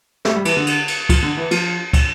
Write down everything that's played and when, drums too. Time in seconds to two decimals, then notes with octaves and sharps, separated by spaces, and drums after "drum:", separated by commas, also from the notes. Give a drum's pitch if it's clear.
0.25 A3, drum: snare
0.36 G3
0.45 E3, drum: cymbal
0.57 D3
0.67 drum: cymbal
0.88 drum: cymbal
1.09 F3, drum: kick, cymbal
1.23 D3
1.37 E3
1.51 F3, drum: cymbal
1.93 drum: kick, cymbal